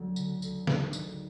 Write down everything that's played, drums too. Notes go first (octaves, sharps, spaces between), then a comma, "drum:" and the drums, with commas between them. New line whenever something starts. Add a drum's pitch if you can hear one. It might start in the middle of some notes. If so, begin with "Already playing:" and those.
Already playing: D2 F#3 F#4
D3, drum: tambourine
D2, drum: tambourine
D#3 D#4, drum: snare D3
G#1, drum: tambourine